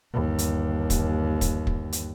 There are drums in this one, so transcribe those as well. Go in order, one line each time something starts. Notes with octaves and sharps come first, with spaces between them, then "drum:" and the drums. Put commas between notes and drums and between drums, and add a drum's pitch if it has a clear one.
G1 D#2
drum: hi-hat
drum: kick, hi-hat
drum: kick, hi-hat
drum: kick
drum: hi-hat